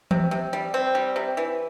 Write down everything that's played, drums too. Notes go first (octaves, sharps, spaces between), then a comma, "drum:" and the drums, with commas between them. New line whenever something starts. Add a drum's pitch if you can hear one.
C3, drum: tom E3
C3
G3
C4
G3
C3
E3